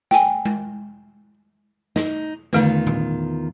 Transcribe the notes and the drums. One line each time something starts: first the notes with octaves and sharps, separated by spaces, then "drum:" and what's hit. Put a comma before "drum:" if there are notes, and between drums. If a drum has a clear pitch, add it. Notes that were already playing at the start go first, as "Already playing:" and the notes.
G5 G#5, drum: snare
drum: tom G#3
D#4, drum: snare
E2 D3 D#3 A3 F4 B4, drum: snare
drum: tom A#2